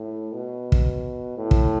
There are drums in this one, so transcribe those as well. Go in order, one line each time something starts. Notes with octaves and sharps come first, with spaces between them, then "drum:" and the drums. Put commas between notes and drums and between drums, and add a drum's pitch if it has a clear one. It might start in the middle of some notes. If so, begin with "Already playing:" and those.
Already playing: A2
B2
drum: kick
A2
drum: kick